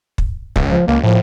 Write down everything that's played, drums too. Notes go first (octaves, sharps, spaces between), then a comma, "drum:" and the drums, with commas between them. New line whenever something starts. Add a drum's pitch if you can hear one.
drum: kick
C#2, drum: kick
F3
C#2 A#3
A2 F3